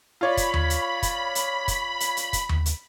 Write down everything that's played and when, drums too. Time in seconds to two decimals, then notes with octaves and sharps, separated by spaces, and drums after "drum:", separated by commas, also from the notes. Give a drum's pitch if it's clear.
0.21 F4 C#5 D5 B5
0.37 drum: kick, hi-hat
0.54 drum: tom D#2
0.70 drum: hi-hat
1.03 drum: kick, hi-hat
1.35 drum: hi-hat
1.68 drum: kick, hi-hat
2.00 drum: hi-hat
2.17 drum: hi-hat
2.33 drum: kick, hi-hat
2.49 drum: tom D#2
2.66 drum: hi-hat